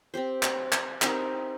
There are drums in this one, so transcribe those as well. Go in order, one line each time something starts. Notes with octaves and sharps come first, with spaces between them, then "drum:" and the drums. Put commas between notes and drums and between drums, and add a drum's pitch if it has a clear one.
C4 G4 C5
drum: clap
drum: clap
C4 D#4 G4 A#4, drum: clap